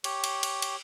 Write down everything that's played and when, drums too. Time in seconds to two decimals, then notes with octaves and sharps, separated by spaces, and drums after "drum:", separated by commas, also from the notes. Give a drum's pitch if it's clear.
0.04 G4 C#5, drum: cymbal
0.24 drum: cymbal
0.43 drum: cymbal
0.62 drum: cymbal